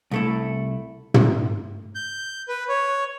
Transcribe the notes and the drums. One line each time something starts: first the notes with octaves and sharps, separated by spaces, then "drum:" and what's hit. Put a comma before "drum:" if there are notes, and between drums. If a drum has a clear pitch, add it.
C2 A3 E4
drum: tom
G6
B4
C#5